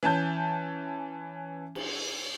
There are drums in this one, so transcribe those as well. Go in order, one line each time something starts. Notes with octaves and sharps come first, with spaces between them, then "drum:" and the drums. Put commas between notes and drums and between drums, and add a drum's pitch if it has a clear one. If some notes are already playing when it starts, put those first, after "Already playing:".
E3 C#4 A5 G6
drum: cymbal